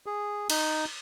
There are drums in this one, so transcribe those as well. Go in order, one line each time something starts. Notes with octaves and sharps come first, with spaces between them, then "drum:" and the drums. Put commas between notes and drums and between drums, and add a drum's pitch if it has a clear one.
G#4
D#4, drum: cymbal